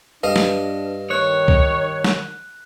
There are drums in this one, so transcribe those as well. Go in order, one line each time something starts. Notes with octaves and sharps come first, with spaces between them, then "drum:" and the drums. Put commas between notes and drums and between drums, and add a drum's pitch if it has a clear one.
G2 D4 B4 D#5 F5
drum: snare
D#3 C#5 F#6
drum: kick C#2
drum: snare